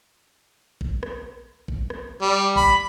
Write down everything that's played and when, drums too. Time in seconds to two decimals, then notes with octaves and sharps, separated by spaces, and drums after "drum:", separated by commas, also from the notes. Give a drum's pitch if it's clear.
0.81 drum: kick
1.03 drum: rim click
1.68 drum: kick
1.90 drum: rim click
2.21 G3
2.56 B5, drum: kick